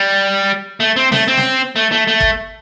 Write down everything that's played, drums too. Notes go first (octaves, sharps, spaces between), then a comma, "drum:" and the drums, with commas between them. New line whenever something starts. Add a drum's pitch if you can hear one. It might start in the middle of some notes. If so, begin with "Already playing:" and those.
Already playing: G3
A3
C4
A3, drum: snare
C4
drum: snare
A3
A3
A3
drum: kick